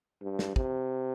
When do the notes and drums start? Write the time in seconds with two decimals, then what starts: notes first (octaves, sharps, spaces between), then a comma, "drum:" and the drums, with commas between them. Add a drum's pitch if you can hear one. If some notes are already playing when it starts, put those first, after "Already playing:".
0.22 G2
0.39 drum: snare
0.56 C3, drum: kick